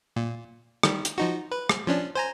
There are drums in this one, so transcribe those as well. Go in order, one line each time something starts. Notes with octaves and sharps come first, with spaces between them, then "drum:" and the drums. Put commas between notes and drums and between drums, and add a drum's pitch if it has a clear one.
A#2
D#3 G3, drum: rim click
drum: hi-hat
F3 D#4 F#4
B4
drum: rim click
F3 C#4 D4
C5 G#5 A#5